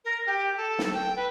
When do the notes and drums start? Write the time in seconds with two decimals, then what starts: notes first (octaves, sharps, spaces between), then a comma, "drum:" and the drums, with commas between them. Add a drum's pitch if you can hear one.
0.04 A#4
0.26 G4
0.56 A4
0.79 drum: snare
0.93 G5
1.16 B4